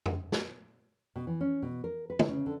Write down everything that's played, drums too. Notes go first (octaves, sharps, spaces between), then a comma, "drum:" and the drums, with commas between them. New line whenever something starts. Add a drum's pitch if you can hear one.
drum: tom
drum: snare
B2
E3
C#4
B2
A#4
B4
drum: tom
C#3
D3